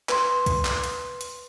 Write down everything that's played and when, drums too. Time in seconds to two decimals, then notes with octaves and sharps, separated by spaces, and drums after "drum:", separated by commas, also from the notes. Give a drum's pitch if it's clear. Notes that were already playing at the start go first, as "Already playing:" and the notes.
0.09 B4 C6, drum: clap
0.46 drum: kick C2, hi-hat
0.65 drum: clap
0.84 drum: hi-hat
1.21 drum: hi-hat